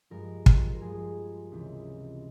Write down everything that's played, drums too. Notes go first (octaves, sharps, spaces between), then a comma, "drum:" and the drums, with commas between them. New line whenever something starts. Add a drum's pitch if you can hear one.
G2 F3 G#3 A#4
C5, drum: kick
A#4
G2 F3 G#3 G#4
C#2 C3 E3